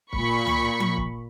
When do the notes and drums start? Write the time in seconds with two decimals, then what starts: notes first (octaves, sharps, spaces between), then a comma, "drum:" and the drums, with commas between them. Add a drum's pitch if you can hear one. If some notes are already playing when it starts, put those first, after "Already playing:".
0.13 A#2 B5 C#6, drum: kick
0.46 drum: tom C#2
0.80 drum: tom F3
0.97 drum: kick